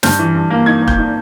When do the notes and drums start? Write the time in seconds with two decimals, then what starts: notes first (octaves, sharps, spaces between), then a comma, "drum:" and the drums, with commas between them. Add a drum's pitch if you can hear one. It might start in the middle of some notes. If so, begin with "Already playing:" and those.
0.03 G2 G6, drum: snare
0.19 E3
0.35 G2
0.50 A#3
0.66 D#4 G#6
0.82 A#3
0.88 G6, drum: kick
0.98 D#4